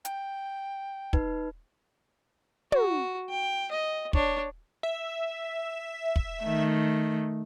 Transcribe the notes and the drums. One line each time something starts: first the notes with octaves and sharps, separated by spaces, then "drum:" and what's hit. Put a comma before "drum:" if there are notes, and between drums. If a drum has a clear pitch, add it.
G5, drum: hi-hat
D#4 B4, drum: kick
F#4, drum: tom
G5
D#5
D4 C#5, drum: kick
E5
drum: kick
D#3 A3